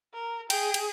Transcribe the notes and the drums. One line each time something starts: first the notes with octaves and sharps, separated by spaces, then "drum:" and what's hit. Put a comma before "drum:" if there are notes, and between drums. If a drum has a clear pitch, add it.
A#4
G#4 G5, drum: cymbal
drum: cymbal